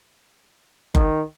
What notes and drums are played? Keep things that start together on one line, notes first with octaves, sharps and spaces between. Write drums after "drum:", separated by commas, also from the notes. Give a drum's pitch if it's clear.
D#3, drum: kick F#1